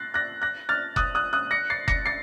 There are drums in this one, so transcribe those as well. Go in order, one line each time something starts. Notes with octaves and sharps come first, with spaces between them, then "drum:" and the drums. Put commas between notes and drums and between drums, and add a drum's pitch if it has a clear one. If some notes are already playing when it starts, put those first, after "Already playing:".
Already playing: F#6 A6 A#6 C7
F#6 A#6
F#6 A#6
F6 A6
D#6 F#6, drum: kick F1
D#6 F#6
D#6 F#6
A#6 C#7
A6 C7
A#6 C#7, drum: kick F1
A6 C7